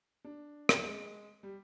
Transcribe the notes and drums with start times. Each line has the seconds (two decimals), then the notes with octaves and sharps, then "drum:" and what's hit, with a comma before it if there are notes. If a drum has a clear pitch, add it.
0.25 D4
0.69 drum: rim click
0.84 G#3
1.43 G3